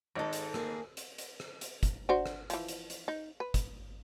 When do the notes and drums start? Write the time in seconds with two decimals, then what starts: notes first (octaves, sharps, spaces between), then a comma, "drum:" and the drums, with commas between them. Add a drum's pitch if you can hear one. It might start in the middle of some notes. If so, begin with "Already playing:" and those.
0.15 G#1 G#2 G#3 A4 D#5
0.33 drum: hi-hat
0.54 A#3 G#4, drum: rim click
0.97 drum: hi-hat
1.18 drum: hi-hat
1.40 drum: rim click
1.61 drum: hi-hat
1.83 drum: kick, hi-hat
2.09 D4 F#4 C5
2.26 drum: rim click
2.50 E3 F3, drum: hi-hat
2.68 drum: hi-hat
2.90 drum: hi-hat
3.08 D#4
3.40 B4
3.54 drum: kick, hi-hat